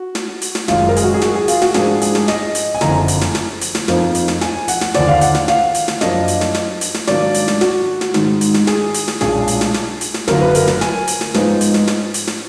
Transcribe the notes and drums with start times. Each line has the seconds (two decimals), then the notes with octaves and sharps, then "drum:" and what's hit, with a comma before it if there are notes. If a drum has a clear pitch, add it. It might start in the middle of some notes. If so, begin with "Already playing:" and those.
Already playing: F#4
0.15 drum: snare
0.42 drum: hi-hat
0.55 drum: snare
0.68 F#1 F#2 D#3 G#3 D#4 F4, drum: snare
0.89 A#4
0.96 G#4, drum: hi-hat
1.04 F#4
1.14 G#4
1.22 F#4, drum: snare
1.35 G#4
1.48 F4, drum: hi-hat
1.62 F#4, drum: snare
1.74 G#2 F3 A#3 D4 G#4, drum: snare
2.01 G#4, drum: hi-hat
2.15 drum: snare
2.28 D#5, drum: snare
2.55 drum: hi-hat
2.75 G#5
2.81 F#1 F2 D3 A#5, drum: snare
3.08 drum: hi-hat
3.21 drum: snare
3.35 drum: snare
3.61 drum: hi-hat
3.75 drum: snare
3.88 F2 F3 A#3 D#4, drum: snare
4.15 drum: hi-hat
4.28 drum: snare
4.41 G#5, drum: snare
4.68 F#5, drum: hi-hat
4.81 drum: snare
4.94 D#2 D3 F3 D5, drum: snare
5.08 F5
5.21 F#5, drum: hi-hat
5.35 drum: snare
5.48 F5, drum: snare
5.75 drum: hi-hat
5.88 drum: snare
6.01 F#2 F3 A#3 D4 D#5, drum: snare
6.28 drum: hi-hat
6.41 drum: snare
6.54 drum: snare
6.81 drum: hi-hat
6.94 drum: snare
7.07 G#2 D#3 F#3 A#3 D4 D5, drum: snare
7.34 drum: hi-hat
7.48 drum: snare
7.61 F#4, drum: snare
8.01 drum: snare
8.14 G#2 D#3 G#3, drum: snare
8.41 drum: hi-hat
8.54 drum: snare
8.67 G#4, drum: snare
8.94 drum: hi-hat
9.08 drum: snare
9.21 B1 A#2 G#3 D4 G#4, drum: snare
9.48 drum: hi-hat
9.61 drum: snare
9.74 drum: snare
10.01 drum: hi-hat
10.14 drum: snare
10.28 F#1 F#2 D3 F#3 A#3 A#4, drum: snare
10.41 B4
10.55 A#4, drum: hi-hat
10.68 drum: snare
10.81 G#5, drum: snare
11.07 drum: hi-hat
11.21 drum: snare
11.34 G#2 F3 G#3 B3 D#4, drum: snare
11.61 drum: hi-hat
11.74 drum: snare
11.87 drum: snare
12.14 drum: hi-hat
12.27 drum: snare